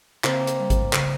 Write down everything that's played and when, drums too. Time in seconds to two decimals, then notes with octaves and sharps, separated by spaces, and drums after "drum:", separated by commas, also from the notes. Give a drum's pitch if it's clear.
0.24 C#3 A#3 C4, drum: clap
0.47 drum: hi-hat
0.59 G3
0.70 drum: kick G#1, hi-hat
0.93 C#3, drum: clap